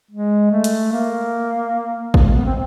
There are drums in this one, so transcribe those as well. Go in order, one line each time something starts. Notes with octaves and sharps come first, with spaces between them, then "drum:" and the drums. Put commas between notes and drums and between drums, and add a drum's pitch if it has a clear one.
G#3
A3
drum: hi-hat
A#3
A#3, drum: kick
G#3
B3
C4